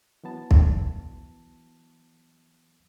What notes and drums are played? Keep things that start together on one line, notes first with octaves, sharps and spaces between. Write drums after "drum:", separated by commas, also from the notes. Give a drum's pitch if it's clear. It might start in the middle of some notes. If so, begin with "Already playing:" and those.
E3 F#3 B3 A5
drum: kick